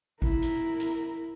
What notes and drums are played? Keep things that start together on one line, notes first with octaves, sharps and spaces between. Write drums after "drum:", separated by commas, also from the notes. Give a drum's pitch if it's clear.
E4 A#4, drum: kick G#1
drum: hi-hat
drum: hi-hat